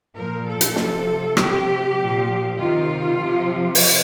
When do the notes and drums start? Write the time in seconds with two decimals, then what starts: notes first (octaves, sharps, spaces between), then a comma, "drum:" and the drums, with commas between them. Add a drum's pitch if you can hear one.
0.15 A#2 F3 A#4
0.46 A4
0.61 drum: hi-hat
0.76 C3 F3, drum: snare
1.37 C3 F3 G4, drum: rim click
1.98 A#2 F3
2.58 C3 D#3 F4
3.19 C3 F3
3.75 drum: open hi-hat